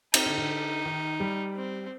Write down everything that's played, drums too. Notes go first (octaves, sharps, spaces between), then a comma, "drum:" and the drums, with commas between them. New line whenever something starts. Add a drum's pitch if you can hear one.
C4 D#4, drum: cymbal
D3
D3
D#3
G3
C4